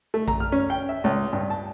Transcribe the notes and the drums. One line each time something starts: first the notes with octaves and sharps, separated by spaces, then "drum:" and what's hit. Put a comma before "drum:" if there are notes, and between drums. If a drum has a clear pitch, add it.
A3
A#5, drum: kick A#1
F6
C#4
G5
E5
C#2
G2
A5